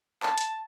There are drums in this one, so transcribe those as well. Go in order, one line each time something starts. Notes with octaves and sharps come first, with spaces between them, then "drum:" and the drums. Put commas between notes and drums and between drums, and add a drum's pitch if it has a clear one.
A5, drum: clap
drum: hi-hat